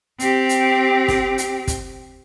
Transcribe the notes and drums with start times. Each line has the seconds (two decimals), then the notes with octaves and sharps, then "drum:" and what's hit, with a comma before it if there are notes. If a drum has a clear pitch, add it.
0.20 C4 G4, drum: hi-hat
0.49 drum: hi-hat
1.08 drum: snare
1.38 drum: hi-hat
1.67 drum: kick, hi-hat